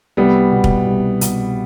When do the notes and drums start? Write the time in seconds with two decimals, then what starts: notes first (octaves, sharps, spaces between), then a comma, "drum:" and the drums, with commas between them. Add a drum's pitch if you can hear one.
0.17 C2 G3 B3
0.52 B2
0.64 drum: kick
0.87 C2
1.21 B2, drum: hi-hat